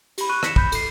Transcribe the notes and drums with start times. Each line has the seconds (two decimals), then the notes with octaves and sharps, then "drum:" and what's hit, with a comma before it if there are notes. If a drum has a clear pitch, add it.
0.18 G4 B5, drum: cymbal
0.29 C#6 F#6 D#7
0.43 A#6 B6 C#7 E7, drum: rim click
0.56 B5 G6, drum: kick
0.72 A4 C7, drum: cymbal